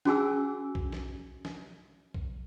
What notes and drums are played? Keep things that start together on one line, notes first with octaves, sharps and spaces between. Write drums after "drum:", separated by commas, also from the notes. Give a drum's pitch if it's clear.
C#4 F#4 G#4 G#5 E6, drum: snare
drum: kick A#1
drum: snare
drum: snare
drum: kick A#1